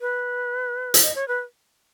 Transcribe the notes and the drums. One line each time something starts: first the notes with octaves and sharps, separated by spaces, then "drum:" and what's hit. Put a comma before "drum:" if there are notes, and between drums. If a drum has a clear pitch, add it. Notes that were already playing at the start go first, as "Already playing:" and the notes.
B4
drum: hi-hat
D#5
C#5
B4